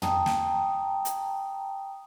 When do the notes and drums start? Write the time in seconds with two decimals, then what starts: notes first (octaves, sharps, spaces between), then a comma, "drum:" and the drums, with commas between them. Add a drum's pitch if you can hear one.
0.02 G5 A5 A#5 D#6, drum: tom
0.26 drum: snare
1.05 drum: hi-hat